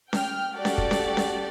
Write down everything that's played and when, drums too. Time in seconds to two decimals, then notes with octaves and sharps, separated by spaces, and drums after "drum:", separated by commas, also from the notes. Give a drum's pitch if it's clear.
0.13 G5 F6, drum: snare C#4
0.53 F#4 G4 A4 D5
0.65 drum: snare C#4
0.78 drum: kick
0.91 drum: snare C#4
1.17 drum: snare C#4